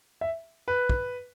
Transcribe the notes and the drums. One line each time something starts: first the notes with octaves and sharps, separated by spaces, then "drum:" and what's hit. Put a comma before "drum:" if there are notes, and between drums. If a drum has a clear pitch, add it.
E5
B4
drum: kick